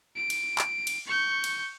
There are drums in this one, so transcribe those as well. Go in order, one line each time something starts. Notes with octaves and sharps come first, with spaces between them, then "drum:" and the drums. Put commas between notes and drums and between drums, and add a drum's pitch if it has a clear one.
D7
drum: cymbal
drum: clap
drum: cymbal
C#6 G6
drum: cymbal